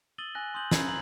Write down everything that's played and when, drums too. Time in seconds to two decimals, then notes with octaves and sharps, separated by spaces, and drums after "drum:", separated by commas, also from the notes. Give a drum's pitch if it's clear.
0.18 D#6 E6 A6 D#7 F#7 G7
0.35 G#5 F#6 A#6
0.54 C6 D#6 G6 F#7
0.71 A#5 B5 E6 G#6, drum: snare
0.88 A#5 F#7